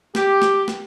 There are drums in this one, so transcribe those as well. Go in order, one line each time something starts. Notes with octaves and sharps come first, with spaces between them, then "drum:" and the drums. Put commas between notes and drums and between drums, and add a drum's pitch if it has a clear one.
G4, drum: snare
drum: snare
drum: snare